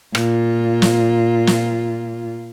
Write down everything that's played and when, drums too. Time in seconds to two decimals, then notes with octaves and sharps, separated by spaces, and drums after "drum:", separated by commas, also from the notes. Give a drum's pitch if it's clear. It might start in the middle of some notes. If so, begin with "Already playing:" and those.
0.15 A#2 F4, drum: rim click
0.82 drum: snare
1.47 drum: snare